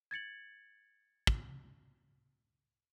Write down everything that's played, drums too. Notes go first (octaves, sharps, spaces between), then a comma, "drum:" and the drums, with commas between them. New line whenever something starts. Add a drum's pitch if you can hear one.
G#6 A6 C#7 F#7
drum: kick